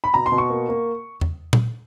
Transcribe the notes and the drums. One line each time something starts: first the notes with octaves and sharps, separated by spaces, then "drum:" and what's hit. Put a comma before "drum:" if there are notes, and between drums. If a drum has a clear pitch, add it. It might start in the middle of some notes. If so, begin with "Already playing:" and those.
B5
B2 A#5
C6
B2
C#6
A#3
A#3
drum: tom E2
drum: tom A#2